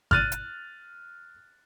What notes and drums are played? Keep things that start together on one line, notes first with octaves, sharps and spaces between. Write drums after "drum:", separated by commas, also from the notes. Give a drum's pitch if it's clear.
F6 F#6 A6 D#7, drum: kick G#1
drum: hi-hat